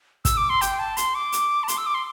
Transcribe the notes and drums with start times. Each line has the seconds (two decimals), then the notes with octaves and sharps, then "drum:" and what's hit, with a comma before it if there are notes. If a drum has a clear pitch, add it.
0.25 E6, drum: kick, hi-hat
0.37 D6
0.50 C6
0.61 G5, drum: hi-hat
0.79 A5
0.97 C6, drum: hi-hat
1.15 D6
1.32 drum: hi-hat
1.63 A5
1.68 C6, drum: hi-hat
1.78 E6
1.86 D6
1.94 C6